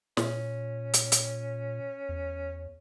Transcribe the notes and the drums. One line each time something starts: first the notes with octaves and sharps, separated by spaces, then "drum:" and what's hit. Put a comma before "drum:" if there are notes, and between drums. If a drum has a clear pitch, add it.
A#2 C#4, drum: snare
drum: hi-hat
drum: hi-hat
E2